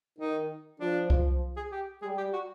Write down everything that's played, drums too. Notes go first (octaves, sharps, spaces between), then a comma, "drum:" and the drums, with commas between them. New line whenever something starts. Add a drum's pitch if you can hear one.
D#3 D#4
F3 D4
F3, drum: kick C2
G#4
G4
G3 G#4
G4
F#4